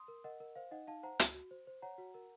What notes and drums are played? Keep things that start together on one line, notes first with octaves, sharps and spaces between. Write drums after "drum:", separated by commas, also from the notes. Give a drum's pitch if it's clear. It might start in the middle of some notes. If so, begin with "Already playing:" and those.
Already playing: C6 D#6
A#4
A#4 D#5 F#5
A#4
C5 F5
D#4 D#5 F#5
D#4 F5 A5
C5 F#5 A#5
F#4, drum: hi-hat
F#4
C5
C5
C#5 F#5 A#5
F#4
A#4